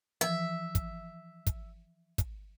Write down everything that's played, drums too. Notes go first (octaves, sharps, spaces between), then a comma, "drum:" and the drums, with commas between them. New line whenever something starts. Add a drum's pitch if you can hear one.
E3 F3 E5
drum: kick, hi-hat
drum: kick, hi-hat
drum: kick, hi-hat